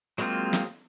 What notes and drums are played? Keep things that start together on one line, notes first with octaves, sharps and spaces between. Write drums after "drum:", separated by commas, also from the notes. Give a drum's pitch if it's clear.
F#3 G#3 A#3 C4 F4, drum: hi-hat
drum: snare